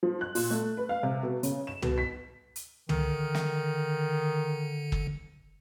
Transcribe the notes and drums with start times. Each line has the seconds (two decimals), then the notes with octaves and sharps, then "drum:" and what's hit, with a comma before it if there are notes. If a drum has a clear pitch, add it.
0.03 F3
0.21 F#6
0.35 A#2, drum: open hi-hat
0.50 A3
0.77 B4
0.89 F5
1.03 C3
1.23 B2
1.43 C#3, drum: hi-hat
1.67 E7
1.82 B2, drum: tom
1.98 B6
2.56 drum: hi-hat
2.89 D3 D#3, drum: tom
3.35 drum: snare
4.92 drum: kick